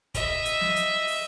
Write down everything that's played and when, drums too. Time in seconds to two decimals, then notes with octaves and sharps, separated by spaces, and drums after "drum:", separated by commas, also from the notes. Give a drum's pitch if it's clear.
0.14 D#5 E5, drum: kick, hi-hat
0.45 drum: hi-hat
0.61 drum: snare
0.76 drum: hi-hat
1.07 drum: open hi-hat